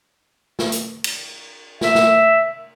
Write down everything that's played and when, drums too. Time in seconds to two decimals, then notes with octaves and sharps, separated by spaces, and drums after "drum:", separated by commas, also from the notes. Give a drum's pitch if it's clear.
0.59 drum: snare
0.72 drum: hi-hat
1.04 drum: cymbal
1.81 E5, drum: snare
1.95 drum: snare